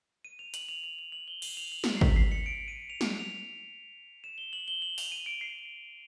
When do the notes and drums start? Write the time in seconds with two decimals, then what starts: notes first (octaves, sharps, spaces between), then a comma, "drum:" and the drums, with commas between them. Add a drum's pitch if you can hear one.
0.25 D#7
0.39 F7
0.54 F#7, drum: hi-hat
0.69 F7
0.84 F7
0.99 F7
1.12 F#7
1.28 G7
1.42 F#7, drum: cymbal
1.57 F7
1.72 F#7
1.84 drum: snare
1.97 C7
2.01 B6, drum: kick
2.16 C7
2.32 C#7
2.46 D7
2.68 D#7
2.90 F7
3.01 drum: snare
3.19 F7
4.24 E7
4.38 G7
4.53 F#7
4.68 G7
4.82 F#7
4.98 F7, drum: open hi-hat
5.12 D#7
5.26 D7
5.41 C7